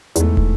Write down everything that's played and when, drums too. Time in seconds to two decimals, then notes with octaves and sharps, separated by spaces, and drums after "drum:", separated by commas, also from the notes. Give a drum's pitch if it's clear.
0.16 E2 G#2 E3 A3, drum: hi-hat
0.37 drum: kick